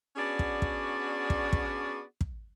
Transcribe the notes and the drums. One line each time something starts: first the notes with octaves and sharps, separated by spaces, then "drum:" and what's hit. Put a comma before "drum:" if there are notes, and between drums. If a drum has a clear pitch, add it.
B3 C#4 D4 F#4 G#4 D5
drum: kick
drum: kick
drum: kick
drum: kick
drum: kick